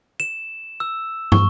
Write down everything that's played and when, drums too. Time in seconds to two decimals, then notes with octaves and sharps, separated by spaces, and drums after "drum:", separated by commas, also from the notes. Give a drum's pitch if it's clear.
0.20 E7
0.80 E6
1.32 C#6, drum: tom